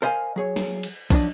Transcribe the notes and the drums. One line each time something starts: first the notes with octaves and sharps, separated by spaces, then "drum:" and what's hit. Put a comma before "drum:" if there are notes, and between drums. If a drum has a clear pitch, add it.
A#4 C5 D#5 F5 G#5
F#3 G#4 C#5
drum: snare
drum: cymbal
F3 F#3 B3 D4 D5 D#5, drum: kick B1, cymbal